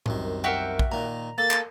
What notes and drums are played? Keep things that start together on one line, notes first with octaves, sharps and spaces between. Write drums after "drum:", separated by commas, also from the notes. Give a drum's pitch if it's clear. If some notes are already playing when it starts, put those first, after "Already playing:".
C2 F#2 D#3, drum: tom A2
F#4 G4 A#4 E5 F#5 G5
drum: kick A#1
A#2 D#3 A#5
A#3 A4 A6
drum: clap